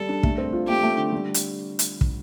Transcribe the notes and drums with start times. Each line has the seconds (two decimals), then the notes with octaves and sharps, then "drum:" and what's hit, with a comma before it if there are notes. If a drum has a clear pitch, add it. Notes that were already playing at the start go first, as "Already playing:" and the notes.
Already playing: G3 A4
0.09 D4
0.23 A3, drum: kick
0.38 C4
0.53 F4
0.67 A3 G4
0.83 A3
0.97 D3
1.12 G3
1.34 drum: hi-hat
1.79 drum: hi-hat
2.01 drum: kick